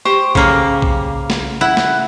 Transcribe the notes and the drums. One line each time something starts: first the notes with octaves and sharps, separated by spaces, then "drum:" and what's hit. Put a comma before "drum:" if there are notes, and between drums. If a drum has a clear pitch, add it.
G4 C5 C#6
C#3 A#3, drum: kick B1
drum: kick B1
drum: snare
E4 F#5
drum: snare